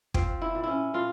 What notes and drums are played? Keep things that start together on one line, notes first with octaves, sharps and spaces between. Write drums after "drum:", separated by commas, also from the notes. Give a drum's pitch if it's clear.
F3 C4, drum: kick
E4
A#2
C#4 E4
A#2 F4